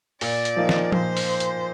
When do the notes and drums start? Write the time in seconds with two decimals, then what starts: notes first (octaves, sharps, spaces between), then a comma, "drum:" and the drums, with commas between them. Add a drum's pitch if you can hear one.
0.21 A#2 D5, drum: open hi-hat
0.45 drum: hi-hat
0.57 F3 A#3 D#4
0.69 drum: snare
0.92 A#2 C5, drum: tom
1.17 drum: open hi-hat
1.40 drum: hi-hat